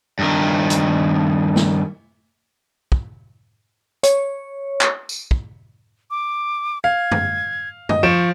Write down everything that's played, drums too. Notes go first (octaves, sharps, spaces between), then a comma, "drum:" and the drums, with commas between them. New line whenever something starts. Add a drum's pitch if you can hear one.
G2 D#3
drum: hi-hat
drum: snare
drum: kick
C#5, drum: hi-hat
drum: clap
drum: tambourine
drum: kick
D6
F5 G#6
drum: tom F#2
D#5, drum: tom F#2
F3 C#6 D7 E7